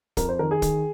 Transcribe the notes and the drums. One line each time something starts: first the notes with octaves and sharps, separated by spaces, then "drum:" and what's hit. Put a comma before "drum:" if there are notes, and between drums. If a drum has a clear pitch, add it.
F2 A#4, drum: kick, hi-hat
C5
D#3 A#4
G#4
D#3, drum: kick, hi-hat